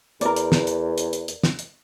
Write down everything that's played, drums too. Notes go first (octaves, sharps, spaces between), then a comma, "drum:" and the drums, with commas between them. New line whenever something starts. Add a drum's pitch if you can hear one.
E2 A#4 D5, drum: hi-hat
drum: hi-hat
drum: snare
drum: hi-hat
drum: hi-hat
drum: hi-hat
drum: hi-hat
drum: snare
drum: hi-hat